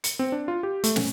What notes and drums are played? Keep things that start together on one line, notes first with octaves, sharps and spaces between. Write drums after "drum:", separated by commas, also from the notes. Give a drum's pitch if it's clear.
C#7, drum: hi-hat
C4
D4
F4
G4
A3, drum: hi-hat
C#4, drum: snare